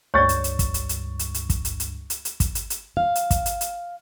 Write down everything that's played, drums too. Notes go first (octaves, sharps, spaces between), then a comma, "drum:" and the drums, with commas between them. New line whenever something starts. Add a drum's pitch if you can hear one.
C#2 G2 C#5 D5 C#6 A6
drum: hi-hat
drum: hi-hat
drum: kick, hi-hat
drum: hi-hat
drum: hi-hat
drum: hi-hat
drum: hi-hat
drum: kick, hi-hat
drum: hi-hat
drum: hi-hat
drum: hi-hat
drum: hi-hat
drum: kick, hi-hat
drum: hi-hat
drum: hi-hat
F5
drum: hi-hat
drum: kick, hi-hat
drum: hi-hat
drum: hi-hat